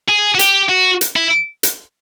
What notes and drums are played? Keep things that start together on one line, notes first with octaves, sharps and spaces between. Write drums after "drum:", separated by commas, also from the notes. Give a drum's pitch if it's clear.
G#4
F#4
G4, drum: hi-hat
F#4
drum: hi-hat
E4
drum: hi-hat